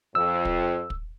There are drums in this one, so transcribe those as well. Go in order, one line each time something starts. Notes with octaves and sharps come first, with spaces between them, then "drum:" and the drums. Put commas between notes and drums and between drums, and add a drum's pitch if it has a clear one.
F2 E6
drum: kick
drum: kick